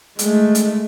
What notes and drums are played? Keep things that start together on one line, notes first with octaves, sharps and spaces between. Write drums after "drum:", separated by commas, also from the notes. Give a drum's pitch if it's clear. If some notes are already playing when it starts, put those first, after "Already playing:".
G#3 A3, drum: hi-hat
drum: hi-hat